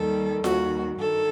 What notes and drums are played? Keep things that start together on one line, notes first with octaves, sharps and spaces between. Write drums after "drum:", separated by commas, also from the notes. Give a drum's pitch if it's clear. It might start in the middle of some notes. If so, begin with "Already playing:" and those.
Already playing: D#2 D#3 G3 A4
D#2 D#3 G3 F#4, drum: snare F4
G2 D#3 A4